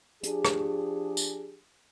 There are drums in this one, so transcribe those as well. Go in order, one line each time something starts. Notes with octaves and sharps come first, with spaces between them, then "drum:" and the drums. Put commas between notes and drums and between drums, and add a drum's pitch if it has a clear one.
F3 D4 G4 G#4, drum: hi-hat
drum: rim click
drum: tambourine